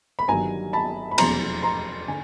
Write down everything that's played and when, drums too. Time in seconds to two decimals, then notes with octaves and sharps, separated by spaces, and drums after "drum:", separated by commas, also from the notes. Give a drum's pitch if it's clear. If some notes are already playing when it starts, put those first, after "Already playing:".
0.19 B5
0.28 G1 G2 D#3 F#3 G#5 A#5
0.73 A5 B5
1.11 B5
1.18 F1 E2 B2 F#3 A#5 C6, drum: cymbal
1.63 A#5 C6
2.08 D3 G#5